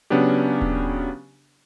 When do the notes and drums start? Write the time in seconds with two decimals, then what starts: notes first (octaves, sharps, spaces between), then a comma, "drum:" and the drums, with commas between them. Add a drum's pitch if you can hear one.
0.10 C#3 F#3 B3 C#4 D4 G4
0.61 drum: kick D#1